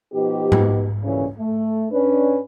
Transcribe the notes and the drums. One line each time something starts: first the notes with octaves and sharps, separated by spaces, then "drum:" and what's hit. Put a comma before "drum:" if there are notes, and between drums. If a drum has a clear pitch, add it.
B2 F3 B3 D#4 G4
drum: tom G#2
D2 A#2 C#3 E3 C#4
A3
C#4 D4 B4